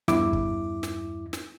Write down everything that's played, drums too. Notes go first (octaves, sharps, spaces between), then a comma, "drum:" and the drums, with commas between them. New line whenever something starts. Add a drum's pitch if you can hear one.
E2 G2 E4 D6, drum: snare
drum: kick
drum: snare
drum: snare